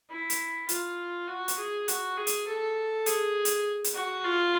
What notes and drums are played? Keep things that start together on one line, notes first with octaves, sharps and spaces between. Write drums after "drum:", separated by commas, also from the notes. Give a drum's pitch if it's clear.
E4
drum: hi-hat
F4, drum: hi-hat
F#4
drum: hi-hat
G#4
F#4, drum: hi-hat
G#4
drum: hi-hat
A4
G#4, drum: hi-hat
drum: hi-hat
drum: hi-hat
F#4
F4